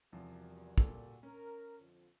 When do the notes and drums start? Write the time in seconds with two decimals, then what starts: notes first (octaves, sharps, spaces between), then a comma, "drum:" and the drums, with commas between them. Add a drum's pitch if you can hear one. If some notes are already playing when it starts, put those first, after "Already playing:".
0.13 E2 C3 F3 G3 F#4 A#4
0.78 A#2 A4, drum: kick
1.23 C#4 A#4
1.80 F2 D3 F3